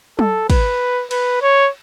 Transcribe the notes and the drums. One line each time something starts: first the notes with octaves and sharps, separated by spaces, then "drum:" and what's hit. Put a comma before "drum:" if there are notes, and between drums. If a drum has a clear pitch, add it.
A4, drum: tom
B4, drum: kick, cymbal
B4, drum: cymbal
C#5